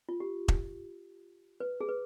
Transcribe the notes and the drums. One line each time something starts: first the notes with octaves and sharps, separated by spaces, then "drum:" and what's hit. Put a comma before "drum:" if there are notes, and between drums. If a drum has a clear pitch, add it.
F4
G4
drum: kick E1
B4
G#4
B4